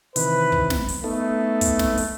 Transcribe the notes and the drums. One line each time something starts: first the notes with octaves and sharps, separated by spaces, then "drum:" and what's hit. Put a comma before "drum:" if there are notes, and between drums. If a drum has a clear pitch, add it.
C3 D#3 E3 B4, drum: hi-hat
drum: kick
drum: snare
drum: open hi-hat
A3 B3 D#4 A4
drum: kick, hi-hat
drum: snare
drum: open hi-hat